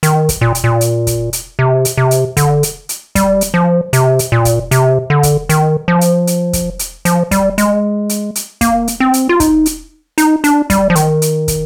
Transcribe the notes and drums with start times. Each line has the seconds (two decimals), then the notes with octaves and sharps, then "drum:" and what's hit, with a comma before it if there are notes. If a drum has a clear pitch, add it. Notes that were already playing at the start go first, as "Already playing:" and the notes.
0.03 D#3, drum: hi-hat
0.29 drum: kick, hi-hat
0.41 A#2
0.55 drum: hi-hat
0.64 A#2
0.81 drum: hi-hat
1.07 drum: kick, hi-hat
1.33 drum: hi-hat
1.59 C3
1.85 drum: hi-hat
1.97 C3
2.11 drum: hi-hat
2.37 D3, drum: kick, hi-hat
2.63 drum: hi-hat
2.89 drum: hi-hat
3.15 G3, drum: kick, hi-hat
3.41 drum: hi-hat
3.54 F3
3.93 C3, drum: hi-hat
4.19 drum: hi-hat
4.32 A#2
4.45 drum: kick, hi-hat
4.71 C3, drum: hi-hat
5.10 D3
5.23 drum: kick, hi-hat
5.49 D#3, drum: hi-hat
5.88 F3
6.01 drum: hi-hat
6.27 drum: hi-hat
6.53 drum: kick, hi-hat
6.79 drum: hi-hat
7.05 F3, drum: hi-hat
7.31 G3, drum: kick, hi-hat
7.58 G#3, drum: hi-hat
8.09 drum: hi-hat
8.35 drum: hi-hat
8.61 A#3, drum: kick, hi-hat
8.88 drum: hi-hat
9.00 C4
9.14 drum: hi-hat
9.29 F4
9.40 D#4, drum: kick, hi-hat
9.66 drum: hi-hat
10.18 D#4, drum: hi-hat
10.44 D4, drum: hi-hat
10.70 G3, drum: kick, hi-hat
10.90 F3
10.95 D#3, drum: hi-hat
11.22 drum: hi-hat
11.48 drum: kick, hi-hat